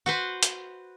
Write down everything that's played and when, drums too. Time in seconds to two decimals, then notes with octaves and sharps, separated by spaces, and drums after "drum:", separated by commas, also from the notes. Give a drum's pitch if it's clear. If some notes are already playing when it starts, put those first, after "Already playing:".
0.06 F#4 B4 C5
0.43 drum: hi-hat